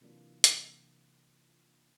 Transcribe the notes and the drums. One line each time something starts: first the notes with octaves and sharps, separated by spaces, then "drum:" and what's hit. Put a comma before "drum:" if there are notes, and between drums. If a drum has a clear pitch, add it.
C3 E3 F#3 A#3 D4 F4
drum: hi-hat